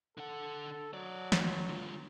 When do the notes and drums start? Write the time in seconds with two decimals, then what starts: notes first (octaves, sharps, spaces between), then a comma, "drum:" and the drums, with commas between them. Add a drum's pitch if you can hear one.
0.18 D3 A4 F#5
0.93 F#3 C#5 D5
1.32 D#3 F3, drum: snare
1.68 D3 F4